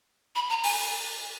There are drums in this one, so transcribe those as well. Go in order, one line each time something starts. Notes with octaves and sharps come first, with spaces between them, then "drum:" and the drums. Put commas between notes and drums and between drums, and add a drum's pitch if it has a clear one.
B5
A#5
G#5, drum: open hi-hat